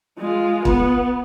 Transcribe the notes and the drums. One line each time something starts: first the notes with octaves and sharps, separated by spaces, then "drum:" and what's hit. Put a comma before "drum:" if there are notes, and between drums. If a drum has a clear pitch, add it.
G#3 F4
B3, drum: kick